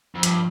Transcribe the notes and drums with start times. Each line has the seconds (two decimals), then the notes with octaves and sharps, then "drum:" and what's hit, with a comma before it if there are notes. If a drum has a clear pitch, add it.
0.15 F2
0.23 G2 F3, drum: hi-hat